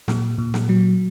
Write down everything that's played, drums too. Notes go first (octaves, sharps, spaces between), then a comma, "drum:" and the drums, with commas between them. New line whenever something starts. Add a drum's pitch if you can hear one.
A#2, drum: snare
A#2
drum: snare
F#3